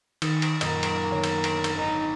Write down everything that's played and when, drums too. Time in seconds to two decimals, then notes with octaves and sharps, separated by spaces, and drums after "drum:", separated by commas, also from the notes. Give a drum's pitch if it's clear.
0.22 D#3 D#6 C#7, drum: cymbal
0.42 drum: cymbal
0.61 F#2 A#2 D#3 A#3 D#5, drum: cymbal
0.83 drum: cymbal
1.12 D3 D#3 B3 C#5
1.24 drum: cymbal
1.44 drum: cymbal
1.64 drum: cymbal
1.76 G#1 D#4 A4